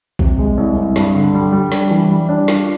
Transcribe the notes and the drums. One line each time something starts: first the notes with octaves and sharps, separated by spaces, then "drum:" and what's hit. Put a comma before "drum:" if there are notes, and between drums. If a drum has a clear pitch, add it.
C3, drum: kick A#1
G#3
C2
C2
G2, drum: snare
D3
G3
G3
D4, drum: snare
E3
G3
D4
F4, drum: snare